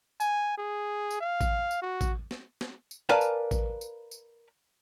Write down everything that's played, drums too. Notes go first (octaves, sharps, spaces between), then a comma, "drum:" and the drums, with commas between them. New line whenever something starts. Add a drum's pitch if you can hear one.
G#5, drum: tambourine
G#4
drum: tambourine
F5
drum: kick A1, tambourine
drum: tambourine
F#4
drum: kick A1, tambourine
drum: snare
drum: snare
drum: tambourine
A#4 B4 D5 F5 G#5 A5
drum: tambourine
drum: kick A1, tambourine
drum: tambourine
drum: tambourine